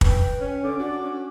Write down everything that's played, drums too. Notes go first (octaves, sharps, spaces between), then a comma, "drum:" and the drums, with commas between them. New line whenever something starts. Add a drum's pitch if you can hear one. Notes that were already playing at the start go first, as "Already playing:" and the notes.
B4 G5, drum: kick
C#4 G#5
D3 C#4 D6
D4 F#4
C#4